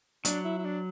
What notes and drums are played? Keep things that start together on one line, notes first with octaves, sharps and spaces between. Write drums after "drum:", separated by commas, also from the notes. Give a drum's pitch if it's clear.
F#3 D4, drum: hi-hat
E4
E4
D4